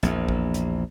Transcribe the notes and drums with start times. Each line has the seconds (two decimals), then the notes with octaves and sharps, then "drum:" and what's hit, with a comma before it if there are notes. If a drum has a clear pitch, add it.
0.03 A#1 E2, drum: hi-hat
0.29 drum: kick
0.54 drum: hi-hat